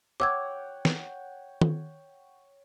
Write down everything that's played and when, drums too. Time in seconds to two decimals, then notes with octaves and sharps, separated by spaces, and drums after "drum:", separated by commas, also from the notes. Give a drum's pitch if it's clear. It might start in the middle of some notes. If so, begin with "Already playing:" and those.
0.20 C#5 F#5 G5 D6 E6 G#6
0.85 drum: snare
1.61 drum: tom